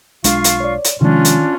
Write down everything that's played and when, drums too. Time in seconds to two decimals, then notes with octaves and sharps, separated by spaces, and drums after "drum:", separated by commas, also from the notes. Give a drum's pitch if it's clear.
0.24 B1 G#3 D4 F4 F5 C#6, drum: hi-hat
0.44 drum: hi-hat
0.60 C#5 D5
0.84 drum: hi-hat
1.01 C3 D#3 F3 G#3 C#4 D4 F4
1.25 drum: hi-hat